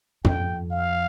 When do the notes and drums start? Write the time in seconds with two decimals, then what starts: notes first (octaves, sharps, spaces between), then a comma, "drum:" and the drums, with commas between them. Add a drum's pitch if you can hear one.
0.24 F2 G5, drum: tom
0.72 F5